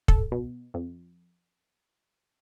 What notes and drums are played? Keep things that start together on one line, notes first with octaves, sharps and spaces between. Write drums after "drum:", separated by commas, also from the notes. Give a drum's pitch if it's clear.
A4, drum: kick
B2
F2